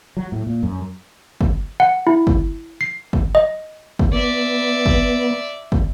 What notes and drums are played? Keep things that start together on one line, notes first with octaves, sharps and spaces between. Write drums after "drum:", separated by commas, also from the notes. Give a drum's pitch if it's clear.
F#3
A2
A#2
F#2
drum: kick
F#5
E4
drum: kick
C7
drum: kick
D#5
drum: kick
B3 D5 E5
drum: kick
drum: kick